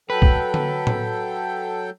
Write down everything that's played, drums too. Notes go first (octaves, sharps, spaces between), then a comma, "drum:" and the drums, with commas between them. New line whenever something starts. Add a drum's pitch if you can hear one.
F#3 A4 B4 G5
drum: kick
drum: tom D3
drum: tom A2